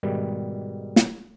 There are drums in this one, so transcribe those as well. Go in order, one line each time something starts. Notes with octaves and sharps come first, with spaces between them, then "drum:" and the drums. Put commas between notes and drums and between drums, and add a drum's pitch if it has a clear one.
G#2 B2 D#3 G3
drum: snare